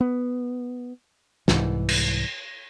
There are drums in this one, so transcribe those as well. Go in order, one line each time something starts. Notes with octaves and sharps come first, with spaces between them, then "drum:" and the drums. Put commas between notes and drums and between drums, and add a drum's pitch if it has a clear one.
B3
C2 G#2 E3, drum: snare
drum: cymbal